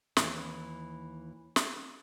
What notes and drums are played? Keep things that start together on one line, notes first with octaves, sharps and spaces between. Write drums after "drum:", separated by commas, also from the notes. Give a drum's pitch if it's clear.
D#2 E3, drum: snare
drum: snare